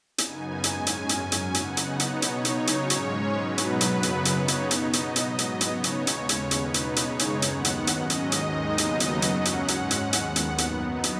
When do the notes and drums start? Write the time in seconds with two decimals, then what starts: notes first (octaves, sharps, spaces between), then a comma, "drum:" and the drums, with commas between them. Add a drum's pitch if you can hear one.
0.18 F#2 C#3 B3 D#4 G#5, drum: hi-hat
0.64 G#2 G#3 C#4, drum: hi-hat
0.87 drum: hi-hat
1.09 F#2 F#3 C#4, drum: hi-hat
1.32 drum: hi-hat
1.54 C#3 B3 D#4 F#5, drum: hi-hat
1.77 drum: hi-hat
2.00 B2 B3 D#4 C#5, drum: hi-hat
2.22 drum: hi-hat
2.45 C#3 F#3 D#4 C#5, drum: hi-hat
2.67 drum: hi-hat
2.90 G#2 G#3 C#4 C#5, drum: hi-hat
3.35 B2 F#3 B3 D#4 B4
3.58 drum: hi-hat
3.81 F#2 C#3 F#3 B3, drum: hi-hat
4.03 drum: hi-hat
4.25 C#3 B3 D#4 C#5, drum: hi-hat
4.48 drum: hi-hat
4.71 B2 B3 D#4 D#5, drum: hi-hat
4.93 drum: hi-hat
5.16 G#2 F#3 B3 D#5, drum: hi-hat
5.39 drum: hi-hat
5.61 C#3 B3 D#4 C#5, drum: hi-hat
5.84 drum: hi-hat
6.07 D#2 C#3 G#3 C#4, drum: hi-hat
6.29 drum: hi-hat
6.51 B2 B3 D#4 B4, drum: hi-hat
6.74 drum: hi-hat
6.96 F#2 C#3 G#3 D#4 C#5, drum: hi-hat
7.19 drum: hi-hat
7.42 D#2 D#3 B3 F#5, drum: hi-hat
7.65 drum: hi-hat
7.87 G#2 F#3 C#4 D#5, drum: hi-hat
8.10 drum: hi-hat
8.32 D#2 D#3 G#3 D#4, drum: hi-hat
8.78 D#2 C#3 F#3 B3 D#4, drum: hi-hat
9.00 drum: hi-hat
9.22 F#2 F#3 C#4 F#5, drum: hi-hat
9.45 drum: hi-hat
9.68 G#2 G#3 C#4, drum: hi-hat
9.91 drum: hi-hat
10.13 D#2 D#3 B3 F#5, drum: hi-hat
10.36 drum: hi-hat
10.58 F#2 F#3 B3 D#4, drum: hi-hat
11.04 drum: hi-hat